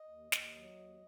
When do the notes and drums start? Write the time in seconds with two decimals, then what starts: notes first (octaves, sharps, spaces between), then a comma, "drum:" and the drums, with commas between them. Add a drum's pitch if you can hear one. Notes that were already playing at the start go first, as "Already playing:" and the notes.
Already playing: D#5
0.08 D#2
0.32 D#2, drum: snare
0.55 F#3
0.78 D#2